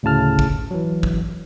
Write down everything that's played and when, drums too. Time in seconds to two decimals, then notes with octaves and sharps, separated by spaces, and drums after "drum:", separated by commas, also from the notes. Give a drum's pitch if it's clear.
0.03 D2 A2 C#3 A5 F6
0.39 drum: kick
0.71 E3 F#3
1.03 drum: kick